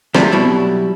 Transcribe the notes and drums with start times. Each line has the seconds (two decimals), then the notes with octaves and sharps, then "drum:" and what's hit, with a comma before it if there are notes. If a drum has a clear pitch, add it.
0.15 C3 F#3 G3 A3 D4, drum: rim click
0.32 B2 F#3 G3 E4